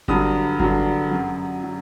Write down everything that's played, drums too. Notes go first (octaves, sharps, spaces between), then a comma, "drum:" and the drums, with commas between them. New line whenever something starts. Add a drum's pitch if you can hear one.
G2 D3 F#3 D#6, drum: kick G1
G2 D3 F#3, drum: kick G1
F#2 F#3
F#3